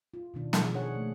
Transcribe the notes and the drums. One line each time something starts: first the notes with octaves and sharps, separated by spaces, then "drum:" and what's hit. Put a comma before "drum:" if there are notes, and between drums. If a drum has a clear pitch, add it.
F4
B2 D#3 D4
B2 F3 G#4 A4, drum: snare
D4 G#4 C#5 F#5
A3 A#3